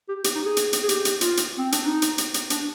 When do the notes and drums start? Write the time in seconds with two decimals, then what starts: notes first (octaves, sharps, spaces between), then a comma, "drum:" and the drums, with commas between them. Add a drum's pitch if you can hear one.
0.09 G4
0.24 G4, drum: hi-hat
0.36 D#4
0.46 G#4
0.57 drum: hi-hat
0.73 drum: hi-hat
0.83 G#4
0.89 G4, drum: hi-hat
1.05 drum: hi-hat
1.21 F4, drum: hi-hat
1.37 drum: hi-hat
1.58 C4
1.72 D4, drum: hi-hat
1.86 D#4
2.02 drum: hi-hat
2.18 drum: hi-hat
2.34 drum: hi-hat
2.50 D4, drum: hi-hat